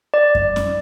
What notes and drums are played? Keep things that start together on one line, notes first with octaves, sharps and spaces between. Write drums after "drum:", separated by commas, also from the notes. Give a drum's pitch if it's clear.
D5
drum: kick F#2
drum: snare C#4